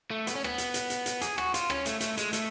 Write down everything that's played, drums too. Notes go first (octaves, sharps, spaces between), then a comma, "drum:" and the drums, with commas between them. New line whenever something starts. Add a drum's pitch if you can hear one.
A3
B3, drum: hi-hat
C#4
B3, drum: rim click
drum: hi-hat
drum: hi-hat
drum: hi-hat
drum: hi-hat
G#4, drum: hi-hat
F#4, drum: rim click
F4, drum: hi-hat
C#4, drum: rim click
A3, drum: hi-hat
A3, drum: hi-hat
G#3, drum: hi-hat
A3, drum: hi-hat